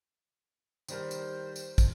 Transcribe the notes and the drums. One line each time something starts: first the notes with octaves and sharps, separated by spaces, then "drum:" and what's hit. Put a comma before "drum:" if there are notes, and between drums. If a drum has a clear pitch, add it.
D#3 G3 A#4 C5, drum: tambourine
drum: tambourine
drum: tambourine
drum: kick, tambourine